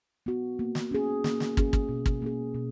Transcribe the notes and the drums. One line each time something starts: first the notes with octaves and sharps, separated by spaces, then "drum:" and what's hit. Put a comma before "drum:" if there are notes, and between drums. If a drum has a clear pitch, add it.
B3 F#4
A#3
drum: snare
C#4 G#4
A#3, drum: snare
drum: snare
C#4 G#4, drum: kick
drum: kick
B2
drum: kick
A#3 C#4 G#4
B2